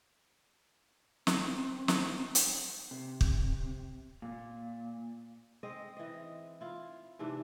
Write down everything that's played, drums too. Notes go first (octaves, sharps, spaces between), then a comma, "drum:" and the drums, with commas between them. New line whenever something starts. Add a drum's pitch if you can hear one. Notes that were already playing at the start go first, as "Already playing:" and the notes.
C4, drum: snare
drum: snare
drum: hi-hat
C3
drum: kick
A#2
G#3 C4 D#5
E3 D#5
E4 F4
G#2 C3 E3 D4